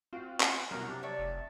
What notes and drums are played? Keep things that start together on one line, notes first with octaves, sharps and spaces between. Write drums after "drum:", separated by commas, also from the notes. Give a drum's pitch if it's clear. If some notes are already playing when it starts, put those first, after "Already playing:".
C4 F4 F#4
drum: clap
C2 B2 F#3 A#4
C3 D4
C#5 D5 E5 A5
F1